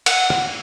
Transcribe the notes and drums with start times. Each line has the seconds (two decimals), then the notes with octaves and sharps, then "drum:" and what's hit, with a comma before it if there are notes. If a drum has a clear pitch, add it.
0.06 F#5, drum: cymbal
0.30 drum: rim click